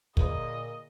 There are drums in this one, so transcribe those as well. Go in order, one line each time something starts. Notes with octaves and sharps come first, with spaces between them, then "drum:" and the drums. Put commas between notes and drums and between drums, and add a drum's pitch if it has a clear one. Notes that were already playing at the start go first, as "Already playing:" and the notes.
A#2 D3 A#3 G#4 D#5, drum: kick